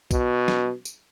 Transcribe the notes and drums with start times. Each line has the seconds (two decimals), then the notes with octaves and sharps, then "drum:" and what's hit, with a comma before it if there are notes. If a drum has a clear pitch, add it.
0.11 B2, drum: kick, tambourine
0.48 drum: snare
0.85 drum: tambourine